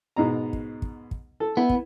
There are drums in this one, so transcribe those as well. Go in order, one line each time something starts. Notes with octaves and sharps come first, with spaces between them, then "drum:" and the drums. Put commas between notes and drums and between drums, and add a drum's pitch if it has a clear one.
G#2 B2 A#5
drum: kick
drum: kick
drum: kick
A4
B3 E4
drum: kick